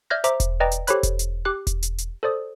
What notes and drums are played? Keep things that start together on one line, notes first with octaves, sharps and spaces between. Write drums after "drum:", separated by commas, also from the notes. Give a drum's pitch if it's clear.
D5 E5 F6 G6 G#6 A#6
C5 E5 A#5 D6, drum: hi-hat
drum: kick E1, hi-hat
B4 D5 D#5 G5 A#5
drum: hi-hat
G4 A4 C5 C#5 B5 F#6, drum: hi-hat
drum: kick E1, hi-hat
drum: hi-hat
G4 D6 F#6
drum: kick E1, hi-hat
drum: hi-hat
drum: hi-hat
A4 C5 D5 D#6